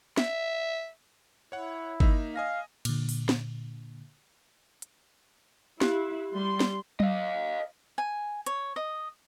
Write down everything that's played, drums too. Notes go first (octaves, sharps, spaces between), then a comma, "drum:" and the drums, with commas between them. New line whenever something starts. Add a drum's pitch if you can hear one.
E5, drum: snare
E4 C#5 F#5
A#3 D#4 E5, drum: kick G1
D#5 F5 G#5 A#6
A#2 D3, drum: cymbal
drum: open hi-hat
drum: snare
drum: hi-hat
E4 G4, drum: snare
G3 C6
drum: snare
D#5 F5, drum: tom F#3
G#5
C#5, drum: hi-hat
D#5